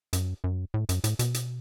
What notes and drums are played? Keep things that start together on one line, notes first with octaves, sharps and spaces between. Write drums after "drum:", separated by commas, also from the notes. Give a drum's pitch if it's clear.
F#2, drum: hi-hat
F#2
A2
F#2, drum: hi-hat
A2, drum: hi-hat
B2, drum: hi-hat
drum: hi-hat